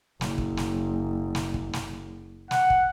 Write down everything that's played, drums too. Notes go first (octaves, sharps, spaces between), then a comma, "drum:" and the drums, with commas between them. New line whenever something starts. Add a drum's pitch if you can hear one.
F#1, drum: snare
drum: kick
drum: snare
drum: snare
drum: kick
drum: snare
F#5, drum: snare
drum: kick